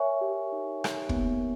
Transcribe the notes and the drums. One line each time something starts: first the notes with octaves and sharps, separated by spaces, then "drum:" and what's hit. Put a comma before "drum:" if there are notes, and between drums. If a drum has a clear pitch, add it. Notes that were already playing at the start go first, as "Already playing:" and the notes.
Already playing: A#4 C#5 E5 G#5 C#6
G4
D#4
drum: rim click
B3, drum: kick
A#3